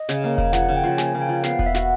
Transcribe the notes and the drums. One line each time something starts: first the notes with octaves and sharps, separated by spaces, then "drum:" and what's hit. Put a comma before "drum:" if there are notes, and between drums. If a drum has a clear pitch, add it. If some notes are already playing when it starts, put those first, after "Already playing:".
Already playing: D#5
C#3, drum: snare
A#3
C#3, drum: kick E1
F3 F#5, drum: snare
C#3
G5
F3
A#3 G#5, drum: snare
C#3
G5
F3
B3 F5, drum: snare
B3, drum: kick E1
E5
F#4, drum: snare